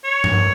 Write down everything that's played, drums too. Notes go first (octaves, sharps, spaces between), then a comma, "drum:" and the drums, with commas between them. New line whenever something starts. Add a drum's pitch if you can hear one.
C#5
drum: tom G2